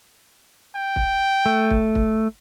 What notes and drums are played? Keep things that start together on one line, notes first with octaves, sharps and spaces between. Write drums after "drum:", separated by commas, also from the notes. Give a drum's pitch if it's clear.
G5
drum: kick
A3
drum: kick
drum: kick